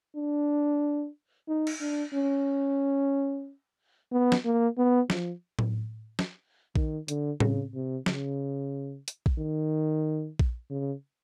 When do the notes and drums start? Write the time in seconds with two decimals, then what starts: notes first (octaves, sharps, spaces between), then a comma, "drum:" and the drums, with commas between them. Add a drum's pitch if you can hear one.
0.16 D4
1.48 D#4
1.67 drum: cymbal
1.81 D4
2.14 C#4
4.12 B3
4.32 drum: snare
4.45 A#3
4.78 B3
5.10 F3, drum: snare
5.59 drum: tom A2
6.19 drum: snare
6.76 D#3, drum: kick A#1
7.08 D3, drum: hi-hat
7.40 C#3, drum: tom A2
7.75 C3
8.06 C#3, drum: snare
9.08 drum: hi-hat
9.26 drum: kick A#1
9.38 D#3
10.39 drum: kick A#1
10.70 C#3